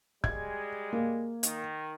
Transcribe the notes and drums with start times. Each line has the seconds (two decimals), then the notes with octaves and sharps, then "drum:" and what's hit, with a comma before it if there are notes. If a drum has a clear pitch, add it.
0.24 G3 G#3 G#6, drum: kick
0.93 A#3
1.43 D#3, drum: hi-hat